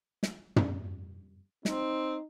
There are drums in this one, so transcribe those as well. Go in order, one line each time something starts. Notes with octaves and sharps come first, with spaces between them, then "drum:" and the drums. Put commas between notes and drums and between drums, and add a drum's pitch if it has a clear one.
drum: snare
drum: tom
C4 D#4, drum: snare